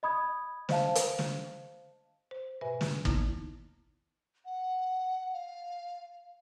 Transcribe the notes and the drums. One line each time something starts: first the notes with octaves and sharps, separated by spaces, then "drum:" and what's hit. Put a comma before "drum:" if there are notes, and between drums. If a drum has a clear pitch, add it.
D#5 B5 D#6 G#6
C5 D#5 F5 A5, drum: snare
drum: hi-hat
drum: snare
C5
G#2 B2 B4 E5 G#5
drum: snare
D#3 E3 A#3 B3 D#4 E4, drum: kick
F#5
F5